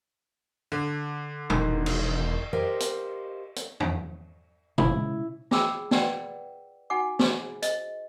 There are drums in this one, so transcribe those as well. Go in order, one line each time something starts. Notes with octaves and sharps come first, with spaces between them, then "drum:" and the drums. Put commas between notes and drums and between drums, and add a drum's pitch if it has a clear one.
D3
E1 D#3 D#4 C6, drum: tom A#2
drum: cymbal
G4 A#4 C5 D#5 F5
drum: hi-hat
drum: hi-hat
drum: tom E2
F#1 D3 D#3 E4, drum: tom A#2
C#3 G#3 C#4
F4 G#4 G5 D6 E6, drum: snare
B4 D5 F#5 G5, drum: snare
D#4 F#4 F#5 G#5 D6
G#4, drum: snare
C5 D#5, drum: hi-hat